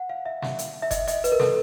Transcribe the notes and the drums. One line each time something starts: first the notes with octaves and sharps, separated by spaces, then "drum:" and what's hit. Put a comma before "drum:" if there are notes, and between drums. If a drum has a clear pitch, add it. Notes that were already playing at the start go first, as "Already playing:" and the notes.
Already playing: F#5
F5
E5
drum: snare
drum: hi-hat
E5
D#5, drum: kick F#1, hi-hat
D#5, drum: hi-hat
B4, drum: hi-hat
A#4
A4, drum: snare